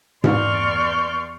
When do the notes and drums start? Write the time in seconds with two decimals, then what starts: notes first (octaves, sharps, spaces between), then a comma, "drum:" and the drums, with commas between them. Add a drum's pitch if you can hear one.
0.24 E2 D5 C6 C#6 F6 G6, drum: tom G#2